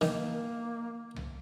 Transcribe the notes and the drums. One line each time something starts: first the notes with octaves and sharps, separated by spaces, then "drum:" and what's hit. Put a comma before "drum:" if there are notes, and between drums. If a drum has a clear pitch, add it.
D#3 A#3, drum: snare
drum: tom C2